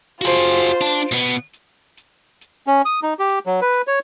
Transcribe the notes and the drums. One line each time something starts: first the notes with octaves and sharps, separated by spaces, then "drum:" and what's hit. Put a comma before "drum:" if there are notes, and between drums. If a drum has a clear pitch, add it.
F4 F#4 G#4 C5, drum: hi-hat
drum: hi-hat
D4 A5
B2 B3
drum: hi-hat
drum: hi-hat
drum: hi-hat
C#4
D#6, drum: hi-hat
D#4
G4
drum: hi-hat
F#3
B4
drum: hi-hat
C#5